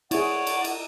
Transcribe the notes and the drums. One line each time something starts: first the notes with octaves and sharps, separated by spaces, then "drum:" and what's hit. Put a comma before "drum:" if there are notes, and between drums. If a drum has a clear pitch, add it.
E4 G#4 C#5 D5 F#5 D6, drum: cymbal
drum: cymbal
drum: cymbal